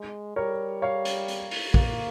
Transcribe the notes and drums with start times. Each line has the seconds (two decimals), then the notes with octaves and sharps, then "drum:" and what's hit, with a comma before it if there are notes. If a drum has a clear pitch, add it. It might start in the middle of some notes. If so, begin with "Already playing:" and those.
Already playing: G#3
0.36 G3 A#4 C#5
0.82 C#5 F5
1.05 drum: hi-hat
1.28 drum: hi-hat
1.51 drum: open hi-hat
1.74 A#3, drum: kick